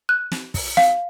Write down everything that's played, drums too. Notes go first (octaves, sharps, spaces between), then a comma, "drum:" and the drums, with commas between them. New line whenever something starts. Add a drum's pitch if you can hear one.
F#6
drum: snare
drum: kick, open hi-hat
F5, drum: snare